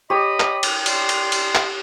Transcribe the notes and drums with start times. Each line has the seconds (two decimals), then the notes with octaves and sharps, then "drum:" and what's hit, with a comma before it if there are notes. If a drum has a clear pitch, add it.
0.10 G4 C#5 D#5 B5 D#6
0.40 drum: clap
0.63 drum: cymbal
0.86 D5 C6, drum: cymbal
1.09 drum: cymbal
1.32 drum: cymbal
1.55 drum: clap